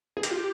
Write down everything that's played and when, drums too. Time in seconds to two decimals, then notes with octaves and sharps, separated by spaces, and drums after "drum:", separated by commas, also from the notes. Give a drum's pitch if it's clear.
0.17 G#4
0.23 G4, drum: hi-hat
0.31 F4
0.38 G4